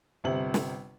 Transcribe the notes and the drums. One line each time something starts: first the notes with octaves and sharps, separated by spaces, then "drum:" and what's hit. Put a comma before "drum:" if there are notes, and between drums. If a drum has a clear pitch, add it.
G1 C3 F#7
drum: snare